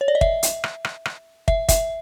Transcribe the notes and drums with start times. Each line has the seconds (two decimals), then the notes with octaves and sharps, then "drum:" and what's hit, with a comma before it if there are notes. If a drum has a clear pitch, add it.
0.01 C#5
0.08 D5
0.15 D#5
0.21 E5, drum: kick
0.43 drum: hi-hat
0.64 drum: rim click
0.85 drum: rim click
1.05 drum: rim click
1.48 E5, drum: kick
1.69 E5, drum: kick, hi-hat